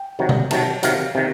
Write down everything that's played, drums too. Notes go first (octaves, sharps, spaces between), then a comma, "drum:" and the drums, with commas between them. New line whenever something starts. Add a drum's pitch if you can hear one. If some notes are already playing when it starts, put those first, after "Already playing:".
Already playing: G5
C3 D#3 F#3
drum: tom B2
C3 D#3 F#3 A5, drum: cymbal
C3 D#3 F#3 F5, drum: hi-hat
C3 D#3